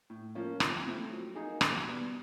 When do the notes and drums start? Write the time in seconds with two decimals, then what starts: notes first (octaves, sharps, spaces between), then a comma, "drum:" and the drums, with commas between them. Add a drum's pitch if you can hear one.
0.10 A2
0.35 F3 A#3 C#4
0.60 C3, drum: rim click
0.85 F3 A3 C4 E4
1.10 F#3
1.35 A#3 D#4 G#4
1.61 B2, drum: rim click
1.86 G3 B3